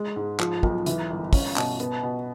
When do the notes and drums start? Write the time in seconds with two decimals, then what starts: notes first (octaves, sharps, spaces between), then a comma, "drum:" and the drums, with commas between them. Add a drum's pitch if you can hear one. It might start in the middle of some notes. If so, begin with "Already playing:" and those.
Already playing: G#3
0.16 G#2
0.39 F3, drum: clap
0.63 B1, drum: kick
0.86 E3, drum: hi-hat
1.10 G1
1.33 C#4, drum: kick, open hi-hat
1.56 B2, drum: clap
1.80 B3, drum: hi-hat
2.03 B2